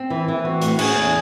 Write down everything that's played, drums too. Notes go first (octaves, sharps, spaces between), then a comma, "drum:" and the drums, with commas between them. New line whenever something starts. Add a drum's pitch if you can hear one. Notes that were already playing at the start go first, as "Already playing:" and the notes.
Already playing: C4
E3 E4
E3
C4 F#4
A2, drum: hi-hat
C#4 G#4, drum: cymbal
E2